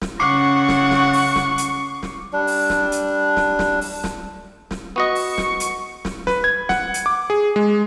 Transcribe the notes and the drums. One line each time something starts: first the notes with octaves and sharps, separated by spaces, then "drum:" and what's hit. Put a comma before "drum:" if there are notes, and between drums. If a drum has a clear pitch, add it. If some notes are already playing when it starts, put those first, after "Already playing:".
drum: snare
C#3 F#5 C#6 D6 C7 C#7
drum: snare
drum: snare
drum: open hi-hat
drum: snare
drum: hi-hat
drum: snare
G3 D4
drum: open hi-hat
drum: snare
drum: hi-hat
drum: snare
drum: snare
drum: open hi-hat
drum: snare
drum: snare
B3 F#4 D#5 C#6
drum: open hi-hat
drum: snare
drum: hi-hat
drum: snare
B4, drum: snare
G#6
F#5, drum: snare
drum: hi-hat
D6
G#4
G#3